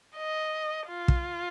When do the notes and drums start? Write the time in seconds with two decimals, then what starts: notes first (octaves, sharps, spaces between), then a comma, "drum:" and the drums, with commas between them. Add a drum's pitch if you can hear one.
0.17 D#5
0.88 F4
1.08 drum: kick